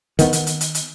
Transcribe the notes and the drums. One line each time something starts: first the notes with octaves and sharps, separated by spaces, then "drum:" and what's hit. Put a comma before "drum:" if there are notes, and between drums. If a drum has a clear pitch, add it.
D#3 B3, drum: hi-hat
drum: hi-hat
drum: hi-hat
drum: hi-hat
drum: hi-hat